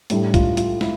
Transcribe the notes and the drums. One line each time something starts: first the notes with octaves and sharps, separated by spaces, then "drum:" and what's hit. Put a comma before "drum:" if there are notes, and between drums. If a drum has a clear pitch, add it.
A2 G3 D4 E4, drum: hi-hat
F4, drum: kick, hi-hat
F4, drum: hi-hat
E4, drum: snare